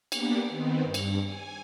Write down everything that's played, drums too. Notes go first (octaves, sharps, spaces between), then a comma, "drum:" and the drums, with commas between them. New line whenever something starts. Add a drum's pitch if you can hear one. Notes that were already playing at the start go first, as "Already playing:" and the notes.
A#3 B3 D4 G4, drum: cymbal
D#3 B3 C4
G2
drum: cymbal
G#5